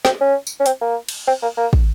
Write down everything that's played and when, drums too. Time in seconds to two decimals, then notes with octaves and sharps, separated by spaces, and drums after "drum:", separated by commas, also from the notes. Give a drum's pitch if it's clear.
0.05 C4, drum: snare
0.21 C#4
0.47 drum: tambourine
0.60 C#4
0.66 C4, drum: hi-hat
0.81 A#3
1.09 drum: cymbal
1.27 C4
1.42 A#3
1.57 A#3
1.73 drum: kick